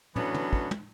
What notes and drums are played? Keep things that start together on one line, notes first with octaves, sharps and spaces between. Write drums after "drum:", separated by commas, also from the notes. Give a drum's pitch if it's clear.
E3 F#3 A3 B3 C#4 D4, drum: tom
drum: tom
drum: kick
drum: tom